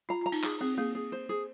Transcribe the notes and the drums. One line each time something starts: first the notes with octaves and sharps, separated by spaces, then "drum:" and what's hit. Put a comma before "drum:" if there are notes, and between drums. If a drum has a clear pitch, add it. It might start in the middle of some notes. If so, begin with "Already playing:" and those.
F4 A#5
F4 A#5
D#4, drum: cymbal
G#4, drum: clap
C4 G#4
A#3 G#4
G#4
C5
G#4